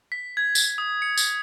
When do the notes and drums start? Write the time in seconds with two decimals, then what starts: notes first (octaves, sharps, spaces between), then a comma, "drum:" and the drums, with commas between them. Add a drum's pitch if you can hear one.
0.12 B6
0.37 G#6
0.55 drum: tambourine
0.78 D#6
1.02 C#7
1.18 drum: tambourine